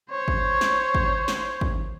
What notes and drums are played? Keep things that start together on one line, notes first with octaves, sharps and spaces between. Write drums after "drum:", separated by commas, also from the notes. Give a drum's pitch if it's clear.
C5 C#5
drum: kick G#1
drum: snare
drum: kick G#1
drum: snare
drum: kick G#1